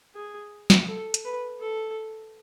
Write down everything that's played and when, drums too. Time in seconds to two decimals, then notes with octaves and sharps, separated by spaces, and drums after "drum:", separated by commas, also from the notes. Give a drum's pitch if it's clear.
0.15 G#4
0.70 drum: snare
0.88 A4
1.14 drum: hi-hat
1.25 B4
1.60 A4